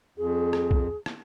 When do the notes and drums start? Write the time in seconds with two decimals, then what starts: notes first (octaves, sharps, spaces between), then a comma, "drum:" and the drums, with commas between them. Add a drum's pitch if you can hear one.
0.18 F2 G#4
0.53 drum: rim click
0.71 drum: kick
1.06 drum: rim click